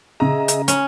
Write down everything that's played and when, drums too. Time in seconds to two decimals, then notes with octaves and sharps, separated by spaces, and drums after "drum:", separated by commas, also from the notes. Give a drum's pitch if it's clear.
0.20 C#3 G#4 D#5 E5 A#5
0.48 drum: hi-hat
0.68 C#4, drum: hi-hat